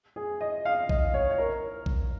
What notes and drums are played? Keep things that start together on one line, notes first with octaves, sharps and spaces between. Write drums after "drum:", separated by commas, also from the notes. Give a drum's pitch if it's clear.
G#4
D#5
F5
D#5, drum: kick A#1
C#5
C#5
A#4
drum: kick A#1